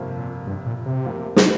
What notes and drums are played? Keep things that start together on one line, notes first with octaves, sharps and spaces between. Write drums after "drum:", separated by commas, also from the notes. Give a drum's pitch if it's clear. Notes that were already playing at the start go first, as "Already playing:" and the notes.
Already playing: G1 F2 C3 F3 A#3
A#2
G2
A#2
C3
F2 F3 A#3
drum: snare